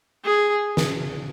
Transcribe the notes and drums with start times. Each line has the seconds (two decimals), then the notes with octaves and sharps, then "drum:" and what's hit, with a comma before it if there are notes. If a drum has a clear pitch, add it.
0.24 G#4
0.77 drum: snare